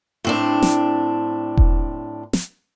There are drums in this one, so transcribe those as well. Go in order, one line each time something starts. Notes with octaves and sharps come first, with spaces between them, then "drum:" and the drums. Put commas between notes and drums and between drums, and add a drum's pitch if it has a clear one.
A2 C4 D4
drum: snare
drum: kick E1
drum: snare